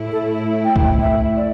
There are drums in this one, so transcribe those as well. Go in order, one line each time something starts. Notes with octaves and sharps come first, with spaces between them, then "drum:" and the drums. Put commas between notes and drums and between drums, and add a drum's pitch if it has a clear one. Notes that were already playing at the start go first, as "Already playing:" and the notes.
Already playing: A2 A3 E4
A4
E5
G5
drum: kick
E5
D5